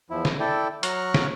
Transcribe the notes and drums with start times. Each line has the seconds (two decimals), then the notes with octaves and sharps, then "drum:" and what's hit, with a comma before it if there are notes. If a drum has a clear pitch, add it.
0.10 E2 F3 E4
0.25 drum: snare
0.40 E4 A4 D5 G5
0.83 F#3 A#5 C#6 F6 F#6, drum: hi-hat
1.14 drum: snare